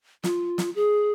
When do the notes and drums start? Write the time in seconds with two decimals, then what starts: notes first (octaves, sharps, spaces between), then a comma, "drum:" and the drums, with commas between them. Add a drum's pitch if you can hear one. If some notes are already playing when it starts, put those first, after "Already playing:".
0.24 F4, drum: snare
0.58 drum: snare
0.75 G#4